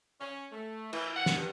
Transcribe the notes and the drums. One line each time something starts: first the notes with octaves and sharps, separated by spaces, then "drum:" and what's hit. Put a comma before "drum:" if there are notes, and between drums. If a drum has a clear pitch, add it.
C#4
A3
E3, drum: cymbal
F#5
drum: snare
G2